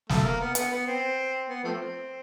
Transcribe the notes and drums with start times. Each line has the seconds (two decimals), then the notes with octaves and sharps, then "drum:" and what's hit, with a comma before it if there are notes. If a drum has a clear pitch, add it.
0.09 A3, drum: snare
0.24 A#3
0.40 B3
0.55 B3, drum: hi-hat
0.71 B3
0.87 C4
1.49 B3
1.64 F3 A3 C4